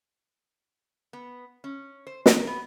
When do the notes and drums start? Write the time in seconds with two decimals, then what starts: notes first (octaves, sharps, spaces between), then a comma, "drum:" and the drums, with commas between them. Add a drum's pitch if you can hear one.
1.13 B3
1.64 C#4
2.07 C5
2.26 A#4, drum: snare
2.47 B3